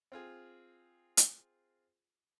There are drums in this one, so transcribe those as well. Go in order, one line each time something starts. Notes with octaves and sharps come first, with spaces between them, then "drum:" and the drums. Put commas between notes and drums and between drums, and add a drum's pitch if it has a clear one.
C4 F4 G#4
drum: hi-hat